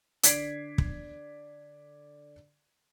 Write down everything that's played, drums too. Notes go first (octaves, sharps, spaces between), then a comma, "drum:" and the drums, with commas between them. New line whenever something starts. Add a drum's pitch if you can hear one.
D3 D5 G#6 B6 C7 D7, drum: hi-hat
drum: kick